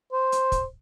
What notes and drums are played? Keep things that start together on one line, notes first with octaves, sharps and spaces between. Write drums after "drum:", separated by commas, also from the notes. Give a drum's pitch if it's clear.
C5
drum: hi-hat
drum: kick, hi-hat